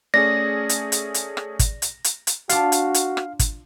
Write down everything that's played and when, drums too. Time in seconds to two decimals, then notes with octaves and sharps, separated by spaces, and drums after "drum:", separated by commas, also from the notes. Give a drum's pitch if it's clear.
0.14 A3 C#4 G#4 D5 A#6
0.69 drum: hi-hat
0.92 drum: hi-hat
1.14 drum: hi-hat
1.37 drum: rim click
1.59 drum: kick, hi-hat
1.82 drum: hi-hat
2.04 drum: hi-hat
2.27 drum: hi-hat
2.49 D4 F4 F#4 F5, drum: hi-hat
2.72 drum: hi-hat
2.94 drum: hi-hat
3.17 drum: rim click
3.39 drum: kick, hi-hat